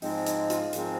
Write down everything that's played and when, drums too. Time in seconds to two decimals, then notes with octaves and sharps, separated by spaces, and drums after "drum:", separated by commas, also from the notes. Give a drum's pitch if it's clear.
0.02 G#2 F3 G#3 C4 D#4, drum: open hi-hat
0.26 D#4, drum: hi-hat
0.50 F4, drum: hi-hat
0.73 G#2 F3 G#3 C4 A#4, drum: hi-hat